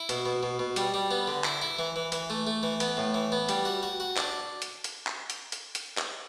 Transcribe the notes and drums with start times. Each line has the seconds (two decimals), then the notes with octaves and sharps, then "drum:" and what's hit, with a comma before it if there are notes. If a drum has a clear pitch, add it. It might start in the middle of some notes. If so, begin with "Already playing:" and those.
Already playing: E4
0.09 B2, drum: hi-hat
0.26 B2
0.43 B2
0.59 B2
0.76 G3, drum: hi-hat
0.94 G3
1.11 B3
1.28 D3
1.44 E4, drum: clap
1.62 E4
1.79 E3
1.96 E3
2.12 E3, drum: hi-hat
2.30 A3
2.47 A3
2.63 E3
2.80 B3, drum: hi-hat
2.97 A2
3.14 E3
3.32 B3
3.49 G3, drum: hi-hat
3.65 F#4
3.83 F#4
4.00 F#4
4.17 D4, drum: clap
4.62 drum: hi-hat
4.84 drum: hi-hat
5.07 drum: clap
5.30 drum: hi-hat
5.52 drum: hi-hat
5.75 drum: hi-hat
5.98 drum: clap